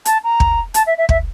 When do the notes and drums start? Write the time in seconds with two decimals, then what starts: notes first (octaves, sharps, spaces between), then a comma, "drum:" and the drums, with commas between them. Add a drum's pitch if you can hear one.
0.05 A5, drum: hi-hat
0.24 A#5
0.40 drum: kick
0.74 A5, drum: hi-hat
0.86 E5
0.97 E5
1.09 E5, drum: kick